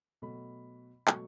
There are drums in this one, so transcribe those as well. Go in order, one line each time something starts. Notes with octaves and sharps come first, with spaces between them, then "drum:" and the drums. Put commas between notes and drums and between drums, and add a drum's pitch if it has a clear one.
B2 F#3 A3 B5
B2 F#3 A3 C#6, drum: clap